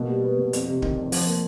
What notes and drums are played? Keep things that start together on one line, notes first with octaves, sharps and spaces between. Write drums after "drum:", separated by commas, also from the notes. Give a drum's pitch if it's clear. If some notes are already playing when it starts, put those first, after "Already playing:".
Already playing: B2 A#3
G3
B3
B2
F2, drum: hi-hat
C3
D#3, drum: kick D1
F2
F3, drum: open hi-hat
A#3